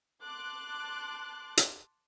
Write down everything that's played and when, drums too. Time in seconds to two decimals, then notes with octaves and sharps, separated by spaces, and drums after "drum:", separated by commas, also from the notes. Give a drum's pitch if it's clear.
0.24 A5 C6 D6 F#6
1.57 drum: hi-hat